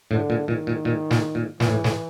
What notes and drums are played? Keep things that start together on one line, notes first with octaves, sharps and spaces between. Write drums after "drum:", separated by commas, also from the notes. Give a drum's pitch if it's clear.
A2 D3
A#2
A#2 D#3
A#2
A#2
A#2, drum: snare
A#2
A#2 E3, drum: snare
A2
A2, drum: snare